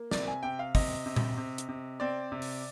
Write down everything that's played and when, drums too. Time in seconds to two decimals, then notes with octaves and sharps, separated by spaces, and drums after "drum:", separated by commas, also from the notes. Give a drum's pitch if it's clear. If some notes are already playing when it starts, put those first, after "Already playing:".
Already playing: A#3
0.11 C3 D5, drum: snare
0.28 G#5
0.43 C3 G5
0.59 F5
0.75 C3 D#5, drum: kick, open hi-hat
1.06 C3
1.16 drum: tom A#2
1.37 C3
1.58 drum: hi-hat
1.69 C3
2.00 C4 D5
2.32 C3
2.42 drum: open hi-hat